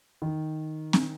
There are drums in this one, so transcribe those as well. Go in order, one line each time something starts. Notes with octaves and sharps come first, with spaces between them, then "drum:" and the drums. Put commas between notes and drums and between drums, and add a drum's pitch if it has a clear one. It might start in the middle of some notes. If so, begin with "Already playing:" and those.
D#3
drum: snare C4